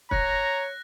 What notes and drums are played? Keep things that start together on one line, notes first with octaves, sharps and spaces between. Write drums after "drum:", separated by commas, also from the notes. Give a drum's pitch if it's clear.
C#5 A#5 F#6 A#6, drum: kick